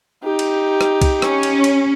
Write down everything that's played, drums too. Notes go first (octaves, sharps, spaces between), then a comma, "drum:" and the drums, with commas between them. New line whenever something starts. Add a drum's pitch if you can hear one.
D#4 G4
drum: cymbal
drum: rim click
drum: kick, cymbal
C#4, drum: rim click
drum: cymbal
drum: cymbal